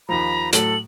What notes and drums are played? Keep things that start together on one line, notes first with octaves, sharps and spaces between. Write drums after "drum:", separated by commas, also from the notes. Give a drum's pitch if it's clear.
D#2 F3 A#5 B5
A2 F#3 A4 F#7, drum: hi-hat